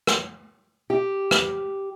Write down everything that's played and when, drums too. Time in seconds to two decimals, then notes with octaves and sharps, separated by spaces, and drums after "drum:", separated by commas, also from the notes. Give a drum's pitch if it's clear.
0.07 drum: rim click
0.90 G4
1.31 drum: rim click